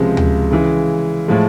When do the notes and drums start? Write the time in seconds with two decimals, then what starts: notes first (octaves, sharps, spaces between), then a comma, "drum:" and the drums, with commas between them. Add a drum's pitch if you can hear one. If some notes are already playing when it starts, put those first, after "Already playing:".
Already playing: C#2 C3 F3 G#3
0.17 drum: tom D2
0.51 C#3 E3 G#3
1.28 A2 F3 G#3